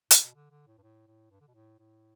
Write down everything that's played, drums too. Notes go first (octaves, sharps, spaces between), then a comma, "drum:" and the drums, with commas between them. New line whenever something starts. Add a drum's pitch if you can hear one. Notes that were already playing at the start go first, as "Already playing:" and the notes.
A2, drum: hi-hat
B2
D3
D3
A2
G2
A2
A2
G2
D3
B2
A2
A2